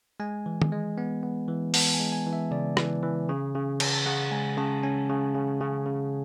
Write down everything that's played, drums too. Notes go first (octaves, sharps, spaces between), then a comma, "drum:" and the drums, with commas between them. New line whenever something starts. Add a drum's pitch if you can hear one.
G#3 G#5
E3
drum: tom
G#3
B3
B3
E3
B3 A5, drum: open hi-hat
G#5
G#3
G#5
E3
E5
C#3 D5
E3, drum: rim click
E3
C#3
C#3
C#4, drum: cymbal
C#3 F#5
G#3 G#5
C#3 A5
C#4 G#5
C#3
C#3
C#3
C#3